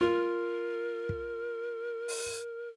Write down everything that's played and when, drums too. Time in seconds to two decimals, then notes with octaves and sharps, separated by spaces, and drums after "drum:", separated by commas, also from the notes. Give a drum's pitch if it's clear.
0.01 F4 A#4
1.09 drum: kick
2.08 drum: open hi-hat